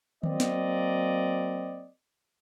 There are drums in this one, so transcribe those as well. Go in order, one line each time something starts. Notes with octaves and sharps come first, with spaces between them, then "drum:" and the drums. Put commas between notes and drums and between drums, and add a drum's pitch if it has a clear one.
F#3 A#3 C4 D5 D#5, drum: tom D#3
drum: snare